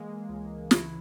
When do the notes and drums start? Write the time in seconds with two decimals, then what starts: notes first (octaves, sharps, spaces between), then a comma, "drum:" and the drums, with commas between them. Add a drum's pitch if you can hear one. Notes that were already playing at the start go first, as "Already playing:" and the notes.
Already playing: E3 G#3 A#3
0.29 C#2
0.71 E4, drum: snare